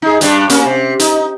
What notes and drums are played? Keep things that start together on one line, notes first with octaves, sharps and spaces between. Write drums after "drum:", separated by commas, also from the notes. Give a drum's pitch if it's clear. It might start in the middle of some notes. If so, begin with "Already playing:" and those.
D#4 G#4
G2 G3 D4, drum: hi-hat
A#3 C#4, drum: hi-hat
C3
D#4, drum: hi-hat